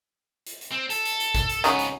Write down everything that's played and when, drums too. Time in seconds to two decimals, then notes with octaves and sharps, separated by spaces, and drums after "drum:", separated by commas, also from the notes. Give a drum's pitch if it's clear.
0.46 drum: hi-hat
0.61 drum: hi-hat
0.72 C4
0.90 A4, drum: hi-hat
1.05 drum: hi-hat
1.20 drum: hi-hat
1.35 drum: kick G#1, hi-hat
1.49 drum: hi-hat
1.64 C#2 C#3 F#3 B3 D#4, drum: hi-hat
1.79 drum: hi-hat